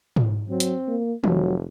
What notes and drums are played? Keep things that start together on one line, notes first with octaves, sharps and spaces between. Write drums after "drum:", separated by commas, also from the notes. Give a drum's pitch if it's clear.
drum: tom G#2
F#3 C4
drum: hi-hat
A#3
F1 F#3, drum: tom